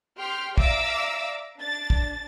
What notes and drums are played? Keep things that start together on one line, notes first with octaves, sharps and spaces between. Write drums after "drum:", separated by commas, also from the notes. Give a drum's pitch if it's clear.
G4 G5 C6 F6
D5 E5 F5 A#5 D6 E6, drum: kick
D4 A6
drum: kick